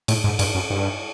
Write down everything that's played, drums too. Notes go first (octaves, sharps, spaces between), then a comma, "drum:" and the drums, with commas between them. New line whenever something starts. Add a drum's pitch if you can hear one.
A2, drum: cymbal
G#2
G2, drum: cymbal
F#2
G2